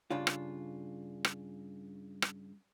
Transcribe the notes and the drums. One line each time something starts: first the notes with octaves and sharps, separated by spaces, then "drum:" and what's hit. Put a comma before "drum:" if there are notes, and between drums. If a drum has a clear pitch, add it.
G2 C#3 D4 F4
drum: rim click
drum: rim click
drum: rim click